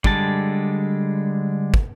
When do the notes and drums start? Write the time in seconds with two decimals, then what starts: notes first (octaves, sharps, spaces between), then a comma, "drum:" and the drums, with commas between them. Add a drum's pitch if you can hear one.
0.04 D3 G3 G#3 A5, drum: kick
1.74 drum: kick